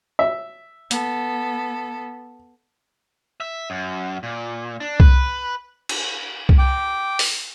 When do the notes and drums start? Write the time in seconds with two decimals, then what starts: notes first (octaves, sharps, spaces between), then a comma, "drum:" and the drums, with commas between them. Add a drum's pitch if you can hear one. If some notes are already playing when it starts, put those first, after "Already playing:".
0.19 E5
0.91 B3 A4, drum: hi-hat
3.40 E5
3.70 F#2
4.23 A#2
4.80 D4
5.00 B4, drum: kick C2
5.89 drum: cymbal
6.49 drum: kick C2
6.58 G5 D6
7.19 drum: open hi-hat